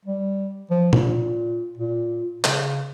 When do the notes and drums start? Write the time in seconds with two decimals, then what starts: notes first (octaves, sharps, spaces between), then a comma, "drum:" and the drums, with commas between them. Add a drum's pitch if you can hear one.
0.05 G3
0.70 F3
0.93 A#2, drum: tom
1.77 A#2
2.44 C#3, drum: clap